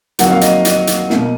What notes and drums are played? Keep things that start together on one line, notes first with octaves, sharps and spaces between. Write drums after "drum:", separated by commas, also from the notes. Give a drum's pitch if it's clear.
F2 D#3 F#3 A#3 F#5, drum: hi-hat
F5
D#5, drum: hi-hat
D#5, drum: hi-hat
drum: hi-hat
B2 A#3, drum: snare